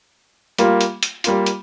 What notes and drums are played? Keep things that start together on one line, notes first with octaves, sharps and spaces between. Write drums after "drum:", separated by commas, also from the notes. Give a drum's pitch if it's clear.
G3 A#3 F4, drum: hi-hat
drum: hi-hat
drum: hi-hat
G3 A#3 F4, drum: hi-hat
drum: hi-hat